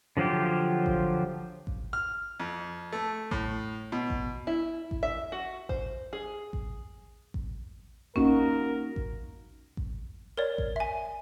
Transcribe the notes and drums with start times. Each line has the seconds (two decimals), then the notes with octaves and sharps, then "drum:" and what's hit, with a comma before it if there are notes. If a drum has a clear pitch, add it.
0.17 D3 F3 F#3 F4 G4
0.86 drum: kick A1
1.67 drum: kick A1
1.93 F6
2.40 F2
2.92 A3
3.31 A2, drum: kick A1
3.92 B2
4.10 drum: kick A1
4.47 E4
4.91 drum: kick A1
5.03 E5
5.32 F#4
5.69 C5, drum: kick A1
6.13 G#4
6.53 drum: kick A1
7.34 drum: kick A1
8.16 A#3 C#4 D#4 F#4 A#4, drum: kick A1
8.96 drum: kick A1
9.77 drum: kick A1
10.37 A#4 C#5 D5
10.58 drum: kick A1
10.76 E5 G#5